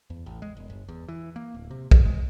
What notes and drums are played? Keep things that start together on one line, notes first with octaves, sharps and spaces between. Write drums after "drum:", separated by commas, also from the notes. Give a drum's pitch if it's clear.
E2
A1
G#3
E1
G1
E2
E3
A#3
D1
C3
A#1, drum: kick
G#3